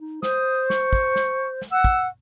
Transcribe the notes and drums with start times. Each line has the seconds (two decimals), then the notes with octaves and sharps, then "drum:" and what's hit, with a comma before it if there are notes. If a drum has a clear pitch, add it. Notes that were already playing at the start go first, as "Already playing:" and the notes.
0.01 D#4
0.23 C5 D#6, drum: snare
0.70 C#6, drum: snare
0.93 drum: kick
1.16 drum: snare
1.62 drum: snare
1.72 F#5 E6
1.84 drum: kick